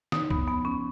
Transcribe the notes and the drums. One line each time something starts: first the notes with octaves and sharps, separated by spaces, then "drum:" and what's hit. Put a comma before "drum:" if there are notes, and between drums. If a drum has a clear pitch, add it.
C#3 D#4, drum: snare
B3, drum: kick
F3 B3
C#4